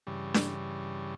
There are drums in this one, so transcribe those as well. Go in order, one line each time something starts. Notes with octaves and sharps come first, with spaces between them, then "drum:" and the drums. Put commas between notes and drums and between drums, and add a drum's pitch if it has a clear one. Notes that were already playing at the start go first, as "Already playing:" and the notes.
G2 C#3 E3 G3
drum: snare D4